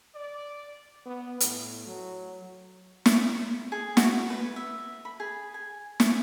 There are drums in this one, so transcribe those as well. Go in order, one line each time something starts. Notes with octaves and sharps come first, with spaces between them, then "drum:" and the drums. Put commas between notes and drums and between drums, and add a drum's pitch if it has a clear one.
D5
B3
A2, drum: hi-hat
F#3
drum: snare
G#4
F#4, drum: snare
B4
E5
B5
G#4
G#5
G#5, drum: snare